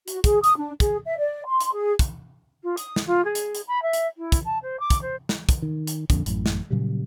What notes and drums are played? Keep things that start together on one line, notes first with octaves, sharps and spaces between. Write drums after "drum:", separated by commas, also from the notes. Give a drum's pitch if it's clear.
F#4, drum: hi-hat
G#4, drum: kick, hi-hat
D#6, drum: hi-hat
D4
G#4, drum: kick, hi-hat
E5
D5
C6
drum: hi-hat
G#4
drum: kick, hi-hat
F4
D#6, drum: hi-hat
drum: snare
F4
G#4
drum: hi-hat
drum: hi-hat
B5
E5
drum: hi-hat
E4
drum: kick, hi-hat
A5
C5
D6
drum: kick, hi-hat
C5
drum: snare
drum: kick, hi-hat
D#3
drum: hi-hat
F2 A#2 D3, drum: kick, hi-hat
A1 F#2 A2, drum: hi-hat
drum: snare
A#2 C#3 F#3 G3